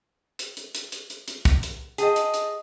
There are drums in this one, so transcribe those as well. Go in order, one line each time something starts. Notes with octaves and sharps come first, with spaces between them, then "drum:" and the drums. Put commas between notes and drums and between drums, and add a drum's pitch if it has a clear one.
drum: hi-hat
drum: hi-hat
drum: hi-hat
drum: hi-hat
drum: hi-hat
drum: hi-hat
drum: kick, hi-hat
drum: hi-hat
G#4 D#5 G5 A5, drum: hi-hat
drum: hi-hat
drum: hi-hat